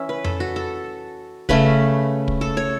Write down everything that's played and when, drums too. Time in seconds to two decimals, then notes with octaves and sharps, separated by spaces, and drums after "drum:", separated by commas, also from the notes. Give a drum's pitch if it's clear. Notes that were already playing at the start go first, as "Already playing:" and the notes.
Already playing: E3 C#4 E5
0.09 B4
0.24 A4, drum: tom F2
0.40 F#4
0.56 A4
1.49 C#3 A3 C#4 B4, drum: kick
2.28 drum: kick
2.41 A4
2.57 C#5